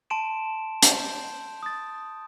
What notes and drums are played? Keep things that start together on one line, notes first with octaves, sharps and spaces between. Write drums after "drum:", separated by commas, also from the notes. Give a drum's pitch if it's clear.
A5 C6 D7 E7
G6, drum: hi-hat
D#6 A6